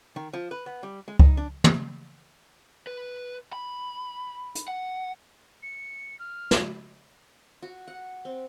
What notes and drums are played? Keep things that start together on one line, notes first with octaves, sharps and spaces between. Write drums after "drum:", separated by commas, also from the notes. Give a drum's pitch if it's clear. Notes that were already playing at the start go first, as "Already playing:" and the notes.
D#3
F3
B4
B3
G3
G#3
D#4, drum: kick C#2
D4
drum: tom
B4
B5
drum: hi-hat
F#5
C#7
F6
drum: snare
F#4
F#5
C4